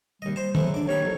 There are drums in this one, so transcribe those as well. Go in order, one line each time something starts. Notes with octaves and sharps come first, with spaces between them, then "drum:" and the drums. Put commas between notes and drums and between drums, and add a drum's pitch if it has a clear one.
D#2 G3 D#5
C5 A5
F3 F#3 G#3 A3 B3, drum: tom
D4 D5 D6
D#2 G3 C#5 B5
C2 F2 F#3